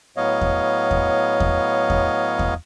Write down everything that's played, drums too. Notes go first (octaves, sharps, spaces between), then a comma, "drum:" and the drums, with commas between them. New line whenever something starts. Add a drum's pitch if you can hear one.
A2 F#3 B3 C#5 D#5 F5
drum: kick E2
drum: kick E2
drum: kick E2
drum: kick E2
drum: kick E2